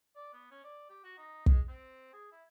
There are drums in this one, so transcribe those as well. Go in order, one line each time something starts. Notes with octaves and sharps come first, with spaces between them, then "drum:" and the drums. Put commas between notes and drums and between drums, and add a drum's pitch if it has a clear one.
D5
B3
C#4
D5
G4
F#4
D#4
G#3, drum: kick
C4
G#4
E4